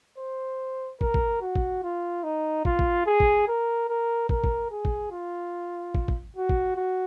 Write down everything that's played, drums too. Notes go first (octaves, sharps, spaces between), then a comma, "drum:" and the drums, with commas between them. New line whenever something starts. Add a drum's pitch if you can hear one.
C5
A#4, drum: kick
drum: kick
F#4
drum: kick
F4
D#4
F4, drum: kick
drum: kick
G#4
drum: kick
A#4
A#4
A#4, drum: kick
drum: kick
G#4
drum: kick
F4
drum: kick
drum: kick
F#4
drum: kick
F#4